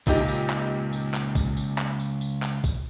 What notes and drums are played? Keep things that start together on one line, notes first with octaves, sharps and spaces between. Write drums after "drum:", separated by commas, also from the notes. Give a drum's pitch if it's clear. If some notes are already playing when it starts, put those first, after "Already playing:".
C#2 A#2 D#4 G4, drum: kick, tambourine
drum: tambourine
drum: clap
drum: tambourine
drum: clap
drum: kick, tambourine
drum: tambourine
drum: clap
drum: tambourine
drum: tambourine
drum: clap
drum: kick, tambourine